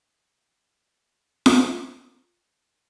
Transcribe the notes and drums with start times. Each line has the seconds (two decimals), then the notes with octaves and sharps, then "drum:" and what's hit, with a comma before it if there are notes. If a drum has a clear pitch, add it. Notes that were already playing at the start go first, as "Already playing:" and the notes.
0.54 C6 D6 F#6
1.46 drum: snare F4